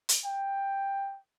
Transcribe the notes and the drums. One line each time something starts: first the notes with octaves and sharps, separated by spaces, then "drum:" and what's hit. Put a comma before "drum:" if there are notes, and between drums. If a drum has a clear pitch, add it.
drum: hi-hat
G5